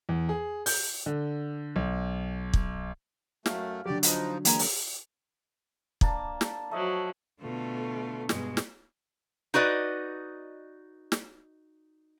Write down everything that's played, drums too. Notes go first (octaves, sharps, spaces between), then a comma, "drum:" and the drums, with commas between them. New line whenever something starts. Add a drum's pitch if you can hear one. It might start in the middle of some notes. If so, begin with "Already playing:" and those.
E2
G#4
G6, drum: open hi-hat
D3
B1
drum: kick
F#2 A3 F5, drum: snare
D3 F#3 F#4 G4 D5
F3 D#4 B4, drum: hi-hat
E3 G#3 A#3 G4 C#5 A#5, drum: hi-hat
drum: open hi-hat
A#3 D4 A5, drum: kick
drum: snare
F3 F#3 A3 D#5
B2 D3 A3 F4
G2 B2 G#3, drum: snare
drum: snare
D#4 F#4 B4 D5 D#5
drum: snare